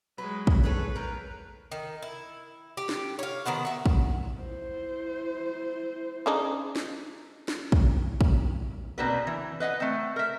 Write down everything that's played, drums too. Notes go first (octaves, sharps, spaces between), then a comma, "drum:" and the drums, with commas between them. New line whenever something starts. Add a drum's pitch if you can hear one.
F#3 G#3 B4
drum: kick
G#4 A4 B4 C#5
D#3 A#4
D#3
E4
G4
drum: snare
C#5 F5
D#3 B3 C5 F#5
F#4 E5
drum: kick
E4 C5
C#3 D4 D#4
drum: snare
drum: snare
drum: kick
drum: kick
B2 A#3 C4 D4 F#4 B4
E3
B4 D#5 E5 F#5
A3 C4
A#4 E5